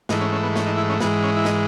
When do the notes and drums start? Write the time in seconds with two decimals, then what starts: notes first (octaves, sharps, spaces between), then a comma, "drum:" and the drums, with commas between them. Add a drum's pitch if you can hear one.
0.09 G#2 E3 A3 D#4, drum: snare
0.21 C#4
0.32 C#4
0.43 B3
0.56 C#4, drum: snare
0.66 D#4
0.77 E4
0.90 C#4
1.00 G#2 E3 G#3 B3, drum: snare
1.24 C#4
1.37 E4
1.45 D#4, drum: snare